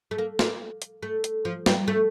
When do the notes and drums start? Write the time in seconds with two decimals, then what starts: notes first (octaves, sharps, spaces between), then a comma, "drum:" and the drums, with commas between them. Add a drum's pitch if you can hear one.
0.11 A3
0.18 A#3
0.39 A#3, drum: snare
0.82 drum: hi-hat
1.03 A3
1.24 drum: hi-hat
1.45 F3
1.66 G3, drum: snare
1.88 A3